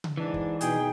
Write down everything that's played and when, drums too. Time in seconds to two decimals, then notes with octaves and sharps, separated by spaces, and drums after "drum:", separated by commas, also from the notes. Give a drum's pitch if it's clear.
0.04 drum: tom C#3
0.17 G#2 E3 D4
0.34 drum: kick
0.61 B2 D#4 G#4 G5, drum: hi-hat